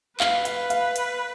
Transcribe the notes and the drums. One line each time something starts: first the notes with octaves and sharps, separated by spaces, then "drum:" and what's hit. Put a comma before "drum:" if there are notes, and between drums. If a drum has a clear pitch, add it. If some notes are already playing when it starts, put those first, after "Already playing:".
B4 F5, drum: clap
F5, drum: hi-hat
F5, drum: hi-hat
drum: hi-hat